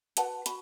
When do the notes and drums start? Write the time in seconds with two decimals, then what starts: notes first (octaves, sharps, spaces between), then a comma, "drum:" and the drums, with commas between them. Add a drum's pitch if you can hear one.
0.17 F#4 B4 F#5 A5, drum: hi-hat
0.46 F#4 B5, drum: hi-hat